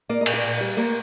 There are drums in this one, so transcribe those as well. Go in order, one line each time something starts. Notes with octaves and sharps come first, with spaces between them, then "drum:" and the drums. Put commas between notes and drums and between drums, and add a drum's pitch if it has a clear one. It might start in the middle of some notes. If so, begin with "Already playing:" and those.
A#3 D5
D#5
A#2, drum: cymbal
D5
A#2
G3
A#3 C5